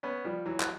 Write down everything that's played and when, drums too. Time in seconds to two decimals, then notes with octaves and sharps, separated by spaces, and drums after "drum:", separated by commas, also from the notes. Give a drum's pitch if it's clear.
0.03 B3 C#4
0.24 F3 G3
0.46 E3 F#3
0.60 drum: clap